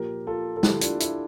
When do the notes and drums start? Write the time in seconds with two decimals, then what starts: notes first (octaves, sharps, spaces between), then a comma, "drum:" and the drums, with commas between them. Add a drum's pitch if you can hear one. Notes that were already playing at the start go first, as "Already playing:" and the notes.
Already playing: A#2 F3 G4 A#4
0.27 F4 A4
0.57 A4
0.63 E4 G4, drum: snare
0.81 D4 F4, drum: hi-hat
1.00 E4, drum: hi-hat